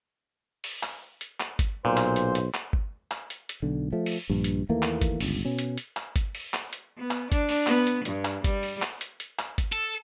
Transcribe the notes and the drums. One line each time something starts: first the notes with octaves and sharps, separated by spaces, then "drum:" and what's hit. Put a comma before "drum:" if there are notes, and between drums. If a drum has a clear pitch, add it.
drum: open hi-hat
drum: clap
drum: hi-hat
drum: clap
drum: kick G1, hi-hat
B1 A#2 C5
drum: clap
drum: hi-hat
drum: hi-hat
drum: clap
drum: kick G1
drum: clap
drum: hi-hat
drum: hi-hat
B1 D3
F3 A3
drum: open hi-hat
A#1 G2
drum: hi-hat
D#2 E3 A3 A#3
drum: clap
drum: kick G1, hi-hat
G1 C#2, drum: open hi-hat
B2 C#4
drum: hi-hat
drum: hi-hat
drum: clap
drum: kick G1, hi-hat
drum: open hi-hat
drum: clap
drum: hi-hat
B3
drum: clap
D4, drum: kick G1, hi-hat
drum: open hi-hat
B3, drum: clap
drum: hi-hat
G2, drum: hi-hat
drum: clap
G3, drum: kick G1, hi-hat
drum: open hi-hat
drum: clap
drum: hi-hat
drum: hi-hat
drum: clap
drum: kick G1, hi-hat
A4